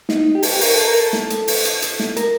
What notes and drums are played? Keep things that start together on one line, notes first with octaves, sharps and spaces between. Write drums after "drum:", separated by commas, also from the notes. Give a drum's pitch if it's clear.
D#4, drum: snare
G4
A4, drum: open hi-hat
G4
A#4, drum: open hi-hat
A4
A#4
A4
drum: snare
drum: hi-hat
drum: open hi-hat
drum: hi-hat
drum: hi-hat
drum: snare
A#4, drum: hi-hat